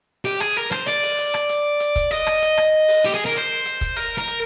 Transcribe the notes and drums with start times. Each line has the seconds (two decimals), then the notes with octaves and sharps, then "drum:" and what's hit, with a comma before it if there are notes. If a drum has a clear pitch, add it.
0.25 G4, drum: open hi-hat
0.40 G#4, drum: rim click
0.57 A#4, drum: hi-hat
0.72 C5, drum: rim click
0.88 D5, drum: hi-hat
1.03 drum: open hi-hat
1.18 drum: hi-hat
1.34 drum: rim click
1.49 drum: hi-hat
1.80 drum: hi-hat
1.96 drum: kick, hi-hat
2.11 D#5, drum: open hi-hat
2.27 drum: rim click
2.42 drum: hi-hat
2.57 drum: rim click
2.88 drum: open hi-hat
3.05 G4, drum: hi-hat
3.14 G#4
3.25 A#4
3.35 C5, drum: hi-hat
3.66 drum: hi-hat
3.81 drum: kick, hi-hat
3.96 A#4, drum: open hi-hat
4.18 A#4
4.28 drum: hi-hat